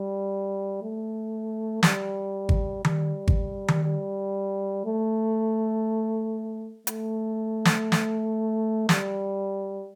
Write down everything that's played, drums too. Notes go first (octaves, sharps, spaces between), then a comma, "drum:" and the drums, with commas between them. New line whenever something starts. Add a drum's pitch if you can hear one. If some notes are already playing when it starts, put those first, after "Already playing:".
Already playing: G3
A3
G3, drum: snare
drum: kick G#1
G3, drum: tom D#3
drum: kick G#1
drum: tom D#3
G3
A3
A3, drum: hi-hat
drum: snare
drum: snare
G3, drum: snare